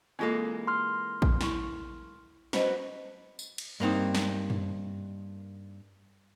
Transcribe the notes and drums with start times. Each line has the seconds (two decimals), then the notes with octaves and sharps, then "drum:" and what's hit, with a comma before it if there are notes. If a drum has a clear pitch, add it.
0.19 E3 G#3 A#3 C4 F4 A4
0.67 C6 F6
1.22 drum: kick A#1
1.41 E4 C#6, drum: snare
2.53 C#4 F#4 B4 C5 D#5, drum: snare
3.39 drum: tambourine
3.58 drum: cymbal
3.80 G2 A#3 C4 D#4
4.15 drum: snare
4.50 drum: tom F#2